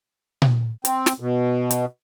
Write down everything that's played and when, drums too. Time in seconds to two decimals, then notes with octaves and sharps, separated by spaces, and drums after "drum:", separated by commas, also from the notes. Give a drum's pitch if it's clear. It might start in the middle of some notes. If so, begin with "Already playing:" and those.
0.42 drum: tom A#2
0.85 C4, drum: hi-hat
1.06 drum: snare
1.20 B2
1.71 drum: hi-hat